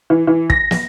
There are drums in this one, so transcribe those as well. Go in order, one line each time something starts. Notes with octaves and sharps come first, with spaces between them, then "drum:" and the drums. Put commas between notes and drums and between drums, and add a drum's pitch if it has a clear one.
E3
E3
A#6, drum: kick
drum: snare